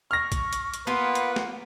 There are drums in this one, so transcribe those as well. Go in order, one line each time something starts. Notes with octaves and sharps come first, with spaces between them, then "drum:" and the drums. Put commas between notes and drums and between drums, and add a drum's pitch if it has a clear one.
C#6 F6 A#6
drum: kick A#1, hi-hat
drum: hi-hat
drum: hi-hat
A#3 B3 F4 B4 F#5
drum: hi-hat
drum: snare